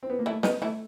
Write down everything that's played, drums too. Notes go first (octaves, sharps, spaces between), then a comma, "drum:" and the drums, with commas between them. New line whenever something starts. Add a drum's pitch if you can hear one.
C4
B3
A#3
E3 A3 E4
D#3 B3 D#4, drum: snare
E3 A3 E4